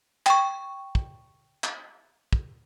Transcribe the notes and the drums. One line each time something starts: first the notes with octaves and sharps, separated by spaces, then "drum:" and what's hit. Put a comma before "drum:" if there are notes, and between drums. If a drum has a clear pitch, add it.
G5 C#6, drum: clap
drum: kick
drum: clap
drum: kick